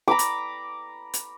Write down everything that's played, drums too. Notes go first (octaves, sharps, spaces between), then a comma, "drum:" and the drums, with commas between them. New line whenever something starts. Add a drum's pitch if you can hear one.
A#5 B5 D6
drum: hi-hat
drum: hi-hat